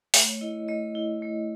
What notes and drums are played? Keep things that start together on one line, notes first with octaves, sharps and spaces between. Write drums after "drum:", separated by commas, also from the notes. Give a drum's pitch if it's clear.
A3 C#5, drum: open hi-hat
E4 D#5
A3 D#5
E4
A3